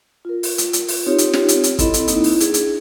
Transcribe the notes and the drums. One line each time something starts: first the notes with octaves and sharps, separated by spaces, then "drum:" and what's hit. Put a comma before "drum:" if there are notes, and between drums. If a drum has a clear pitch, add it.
F4 A#4
drum: open hi-hat
drum: hi-hat
drum: hi-hat
drum: open hi-hat
C4 D#4 F4 G4 C#5
drum: hi-hat
drum: snare
drum: hi-hat
drum: hi-hat
C4 E4 A4 D#5 B5, drum: kick, hi-hat
drum: hi-hat
A#3 D#4 E4, drum: hi-hat
drum: open hi-hat
D4 G#4, drum: hi-hat
drum: hi-hat